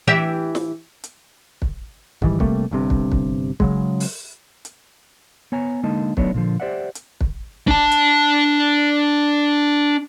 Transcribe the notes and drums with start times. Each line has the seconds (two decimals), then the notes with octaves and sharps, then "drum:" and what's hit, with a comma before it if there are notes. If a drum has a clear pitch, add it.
0.07 E3 G4 E5
0.55 drum: snare
1.04 drum: hi-hat
1.62 drum: kick
2.22 G#2 D#3 E3 G3, drum: kick
2.40 C3 G3 A3 A#3, drum: kick
2.71 G1 G2 C3
2.90 drum: kick
3.12 drum: kick
3.60 C#3 F#3 G#3, drum: kick
4.00 drum: open hi-hat
4.65 drum: hi-hat
5.52 B3 C#5 G#5 A#5
5.83 D3 G#3 A#3 D#4 D#5 A5
6.17 F#3 A3 B3 D4 D#4 C#5, drum: kick
6.34 A#2 D3 F3
6.60 G4 C5 D5 E5 F#5
6.95 drum: hi-hat
7.21 drum: kick
7.68 D4 A5, drum: kick
7.91 drum: hi-hat